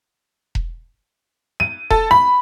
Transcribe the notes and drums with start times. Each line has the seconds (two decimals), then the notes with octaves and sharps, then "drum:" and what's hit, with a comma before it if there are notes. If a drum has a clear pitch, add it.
0.55 drum: kick E1
1.60 D#7
1.90 A4, drum: kick E1
2.11 B5